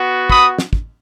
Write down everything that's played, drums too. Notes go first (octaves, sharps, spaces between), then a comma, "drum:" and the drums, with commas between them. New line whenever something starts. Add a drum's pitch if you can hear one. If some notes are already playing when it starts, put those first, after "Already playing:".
Already playing: B3 F#4
B5 D#6, drum: kick
drum: snare
drum: kick